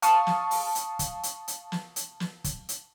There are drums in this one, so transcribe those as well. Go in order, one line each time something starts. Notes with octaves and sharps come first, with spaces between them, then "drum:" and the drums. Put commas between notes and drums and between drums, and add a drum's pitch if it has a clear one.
F5 A5 C#6 D#6, drum: hi-hat
drum: snare
drum: open hi-hat
drum: hi-hat
drum: kick, hi-hat
drum: hi-hat
drum: hi-hat
drum: snare
drum: hi-hat
drum: snare
drum: kick, hi-hat
drum: hi-hat